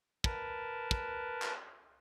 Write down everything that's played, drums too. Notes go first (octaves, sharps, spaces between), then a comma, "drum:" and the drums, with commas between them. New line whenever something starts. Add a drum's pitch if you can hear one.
A#4 B4 A5, drum: kick
drum: kick
drum: clap